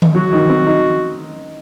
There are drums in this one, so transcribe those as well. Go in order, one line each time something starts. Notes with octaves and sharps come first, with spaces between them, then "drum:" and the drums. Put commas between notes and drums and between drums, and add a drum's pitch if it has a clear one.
drum: tom D#3
F#3 F#4
D#3
C4
D#4